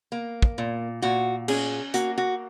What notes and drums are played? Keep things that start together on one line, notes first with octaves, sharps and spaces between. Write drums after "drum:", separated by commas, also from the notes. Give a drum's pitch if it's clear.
A#3
drum: kick
A#2
A#2 F#4
C#4 G#4, drum: cymbal
A#3 F#4, drum: hi-hat
F#4